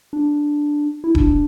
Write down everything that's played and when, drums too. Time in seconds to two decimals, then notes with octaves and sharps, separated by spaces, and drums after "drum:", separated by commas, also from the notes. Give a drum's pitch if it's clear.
0.13 D4
1.04 E4
1.15 D4, drum: kick D#1